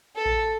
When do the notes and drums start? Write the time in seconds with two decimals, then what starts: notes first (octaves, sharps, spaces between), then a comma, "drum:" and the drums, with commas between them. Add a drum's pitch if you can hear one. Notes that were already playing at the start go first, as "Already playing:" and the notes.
0.15 A4
0.26 drum: kick A#1